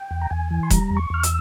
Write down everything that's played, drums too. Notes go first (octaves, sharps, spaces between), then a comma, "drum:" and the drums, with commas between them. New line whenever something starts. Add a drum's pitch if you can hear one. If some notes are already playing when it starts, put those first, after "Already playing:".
Already playing: G5
E2
A#5
E2 G#5
E3
C6
G3 A#5, drum: kick E1, hi-hat
E2
C#6
E2 F6
E6, drum: hi-hat